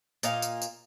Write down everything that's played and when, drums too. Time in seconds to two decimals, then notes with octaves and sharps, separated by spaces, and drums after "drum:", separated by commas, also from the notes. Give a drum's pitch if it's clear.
0.23 A#2 D#5 F5, drum: tambourine
0.42 drum: tambourine
0.62 drum: tambourine